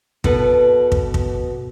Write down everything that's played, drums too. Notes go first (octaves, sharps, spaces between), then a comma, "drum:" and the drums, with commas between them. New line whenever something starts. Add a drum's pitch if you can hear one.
B2 A4 B4, drum: kick
drum: kick
drum: kick